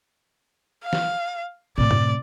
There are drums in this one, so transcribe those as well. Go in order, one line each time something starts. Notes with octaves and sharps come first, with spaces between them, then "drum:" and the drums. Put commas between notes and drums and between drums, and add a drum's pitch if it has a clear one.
F5
drum: snare
A2 C3 D5
drum: tom F#2